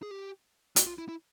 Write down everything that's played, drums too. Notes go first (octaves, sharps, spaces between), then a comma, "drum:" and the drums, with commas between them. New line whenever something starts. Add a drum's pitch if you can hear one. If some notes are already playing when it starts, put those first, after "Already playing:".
G#4
G4
F#4, drum: hi-hat
F4
E4
E4